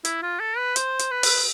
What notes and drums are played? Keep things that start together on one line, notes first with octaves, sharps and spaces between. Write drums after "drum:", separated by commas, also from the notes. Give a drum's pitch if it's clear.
E4, drum: hi-hat
F4
A4
B4
C5, drum: hi-hat
drum: hi-hat
B4
drum: open hi-hat